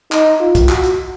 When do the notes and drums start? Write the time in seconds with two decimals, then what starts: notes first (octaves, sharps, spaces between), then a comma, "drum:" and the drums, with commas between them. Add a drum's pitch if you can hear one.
0.12 D#4, drum: clap
0.41 F4
0.55 drum: kick, hi-hat
0.69 F#4, drum: clap
0.83 drum: hi-hat